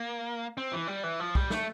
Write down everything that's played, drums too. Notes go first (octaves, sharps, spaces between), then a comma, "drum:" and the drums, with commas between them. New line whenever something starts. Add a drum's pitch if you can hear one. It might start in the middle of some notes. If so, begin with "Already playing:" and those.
Already playing: A#3
C4
E3
G3
E3
F3
G3, drum: kick B1
A3, drum: snare